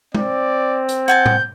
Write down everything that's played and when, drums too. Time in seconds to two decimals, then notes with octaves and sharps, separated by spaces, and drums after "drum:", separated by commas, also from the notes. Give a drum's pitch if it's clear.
0.15 C4 D5, drum: tom G#3
0.89 drum: hi-hat
1.08 F#5 G#5 A5 G6
1.26 drum: tom A2